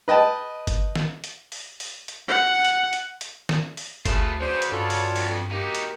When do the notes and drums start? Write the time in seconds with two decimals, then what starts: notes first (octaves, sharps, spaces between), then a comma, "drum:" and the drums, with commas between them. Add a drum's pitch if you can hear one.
0.08 B4 D#5 G5 A5
0.67 drum: kick G1, hi-hat
0.95 drum: snare
1.24 drum: hi-hat
1.52 drum: open hi-hat
1.80 drum: open hi-hat
2.08 drum: hi-hat
2.28 F#5
2.65 drum: hi-hat
2.93 drum: hi-hat
3.21 drum: hi-hat
3.49 drum: snare
3.77 drum: open hi-hat
4.05 D2 C#3 A3 F4 B4, drum: kick G1, hi-hat
4.41 C#3 E3 F#3 D4 C5
4.62 drum: hi-hat
4.72 G2 F4 A4 C#5
4.90 drum: open hi-hat
5.16 F2, drum: open hi-hat
5.51 A#3 D#4 F#4 G4
5.75 drum: hi-hat